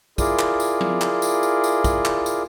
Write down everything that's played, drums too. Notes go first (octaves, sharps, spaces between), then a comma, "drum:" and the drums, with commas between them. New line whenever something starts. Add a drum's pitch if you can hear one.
E4 F4 G#4 A#4 D5, drum: kick, tambourine
drum: clap
drum: tambourine
drum: tom F3
drum: clap
drum: tambourine
drum: tambourine
drum: tambourine
drum: kick, tambourine
drum: clap
drum: tambourine